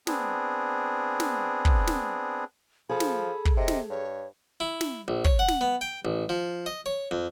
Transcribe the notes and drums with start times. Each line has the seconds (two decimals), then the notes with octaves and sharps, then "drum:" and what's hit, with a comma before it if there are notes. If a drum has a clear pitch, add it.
0.07 B3 C4 D4 G#4, drum: snare
1.20 drum: snare
1.65 drum: kick
1.87 drum: snare
2.89 F3 G#4 A4 B5
3.00 drum: snare
3.45 drum: kick
3.57 C3 D#5
3.68 drum: snare
3.90 G2 C#5
4.60 E4
4.81 drum: snare
5.08 A#1
5.25 C#5, drum: kick
5.39 F#5
5.48 drum: snare
5.61 B3
5.81 G5
6.05 A1
6.29 F3
6.66 D#5
6.86 C#5
7.11 F2